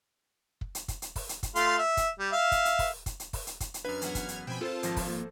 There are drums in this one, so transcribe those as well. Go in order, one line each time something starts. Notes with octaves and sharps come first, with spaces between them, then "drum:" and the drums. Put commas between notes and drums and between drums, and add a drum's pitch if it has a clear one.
drum: kick
drum: hi-hat
drum: kick, hi-hat
drum: hi-hat
drum: kick, open hi-hat
drum: hi-hat
drum: kick, hi-hat
A3 F4 C6, drum: hi-hat
E5
drum: kick, hi-hat
G3
E5 F5
drum: kick, hi-hat
drum: hi-hat
drum: kick, open hi-hat
drum: kick, hi-hat
drum: hi-hat
drum: kick, open hi-hat
drum: hi-hat
drum: kick, hi-hat
drum: hi-hat
F#2 D4 B4 F5 F6 G#6
E2 F#3 F#5, drum: hi-hat
drum: kick, hi-hat
drum: hi-hat
B2 F3 C4 G5 G#5 B5
C4 F4 A4 A#4 C5 A5
G#1 F3 A#6, drum: hi-hat
drum: kick, open hi-hat
A#3